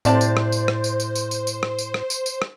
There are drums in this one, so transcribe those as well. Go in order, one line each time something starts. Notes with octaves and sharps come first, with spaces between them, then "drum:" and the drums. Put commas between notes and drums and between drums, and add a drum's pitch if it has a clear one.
A2 C3 C5 D5 A5, drum: tambourine
drum: tambourine
drum: rim click
drum: tambourine
drum: rim click
drum: tambourine
drum: tambourine
drum: tambourine
drum: tambourine
drum: tambourine
drum: rim click
drum: tambourine
drum: rim click
drum: tambourine
drum: tambourine
drum: rim click